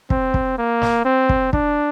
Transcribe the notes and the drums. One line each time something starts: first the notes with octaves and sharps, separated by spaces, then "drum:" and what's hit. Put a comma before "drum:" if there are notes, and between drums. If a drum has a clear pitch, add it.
C4, drum: kick
drum: kick
A#3
drum: snare
C4
drum: kick
D4, drum: kick